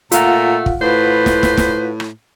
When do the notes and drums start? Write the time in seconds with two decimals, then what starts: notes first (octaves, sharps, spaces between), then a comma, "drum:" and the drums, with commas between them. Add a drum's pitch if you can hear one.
0.12 A#2 A3 F4 F5 F#5 A#5, drum: hi-hat
0.66 drum: kick
0.82 A2 B4 C5
1.26 drum: snare
1.43 drum: snare
1.58 drum: snare
2.00 drum: rim click